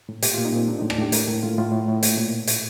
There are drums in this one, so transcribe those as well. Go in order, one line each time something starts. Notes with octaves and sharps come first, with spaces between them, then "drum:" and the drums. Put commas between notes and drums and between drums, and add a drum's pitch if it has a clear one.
A2
A#2 G4, drum: hi-hat
A#2 F4
D#4
A#2 C4
A2 D4
A2 D#4
D4, drum: rim click
A2 G4
A2 A#4, drum: hi-hat
A2 A4
A2 F4
A2 F4
A2
A2
A#2, drum: hi-hat
A#2
drum: hi-hat